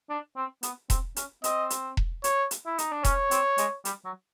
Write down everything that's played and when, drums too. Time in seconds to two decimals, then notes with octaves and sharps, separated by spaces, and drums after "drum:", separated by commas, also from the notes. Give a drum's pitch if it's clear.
0.10 D4
0.36 C4
0.63 B3, drum: hi-hat
0.90 C4, drum: kick E1, hi-hat
1.16 C#4, drum: hi-hat
1.44 C4 D#5, drum: hi-hat
1.70 drum: hi-hat
1.97 drum: kick E1
2.24 C#5, drum: hi-hat
2.51 drum: hi-hat
2.66 E4
2.78 D#4, drum: hi-hat
2.92 D4
3.04 C#4 C#5, drum: kick E1, hi-hat
3.31 C4, drum: hi-hat
3.58 G#3, drum: hi-hat
3.85 G3, drum: hi-hat
4.05 F#3